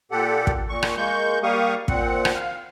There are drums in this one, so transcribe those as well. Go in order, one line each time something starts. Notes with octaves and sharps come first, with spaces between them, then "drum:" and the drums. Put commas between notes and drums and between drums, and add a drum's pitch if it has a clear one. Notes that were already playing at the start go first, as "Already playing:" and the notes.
A#2 G4 A4 F#5
drum: kick
A#2 C#6
drum: rim click
G#3 A#3 C#6 G6
G3 A#3 G4 F5 C#6 D#6
A#2 C4 F#5, drum: kick
drum: rim click
F5